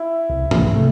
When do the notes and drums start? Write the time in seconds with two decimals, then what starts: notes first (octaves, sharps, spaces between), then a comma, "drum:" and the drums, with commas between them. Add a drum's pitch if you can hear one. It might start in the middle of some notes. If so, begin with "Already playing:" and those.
Already playing: E4
0.30 C2
0.51 drum: tom G#2
0.73 C3 A3